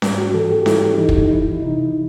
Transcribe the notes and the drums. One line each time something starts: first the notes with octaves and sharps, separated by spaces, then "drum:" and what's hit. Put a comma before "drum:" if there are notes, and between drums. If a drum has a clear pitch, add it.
G#2, drum: snare C#4
F#4
E3 A4
G4
G#2 E4, drum: snare C#4
E3 D#4
drum: kick
D#4
E3 E4
E4
C3 D#4